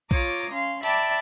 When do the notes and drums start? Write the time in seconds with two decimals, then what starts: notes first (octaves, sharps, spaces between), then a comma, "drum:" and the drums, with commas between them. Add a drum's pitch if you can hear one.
0.11 F4 C#5 A#5 D6 D#6, drum: kick A#1
0.51 C#4 F5 C6
0.83 D5 E5 G5 A5 B5 D6, drum: hi-hat